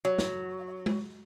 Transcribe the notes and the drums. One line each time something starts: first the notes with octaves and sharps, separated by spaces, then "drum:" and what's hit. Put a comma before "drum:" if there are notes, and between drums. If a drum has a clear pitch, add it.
F#3
drum: snare
drum: tom G#3